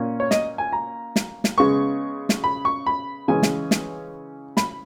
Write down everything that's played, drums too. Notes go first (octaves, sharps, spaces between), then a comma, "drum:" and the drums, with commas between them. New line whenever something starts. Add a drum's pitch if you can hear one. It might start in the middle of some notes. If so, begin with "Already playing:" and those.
Already playing: A#2 A#3 C#4
C#5
D#5, drum: snare
G#5
A#5
drum: snare
drum: snare
C#3 G#3 B3 C#6
drum: snare
B5
C#6
B5
C#3 E3 G#3 C#4 G#5
drum: snare
drum: snare
B5, drum: snare